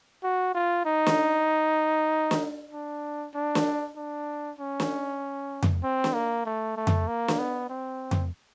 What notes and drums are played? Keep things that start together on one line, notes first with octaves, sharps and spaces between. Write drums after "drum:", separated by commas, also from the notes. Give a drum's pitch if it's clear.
F#4
F4
D#4
drum: snare
drum: snare
D4
D4
drum: snare
D4
C#4
drum: snare
drum: tom F2
C4
drum: snare
A#3
A3
A3
drum: tom F2
A#3
drum: snare
B3
C4
drum: tom F2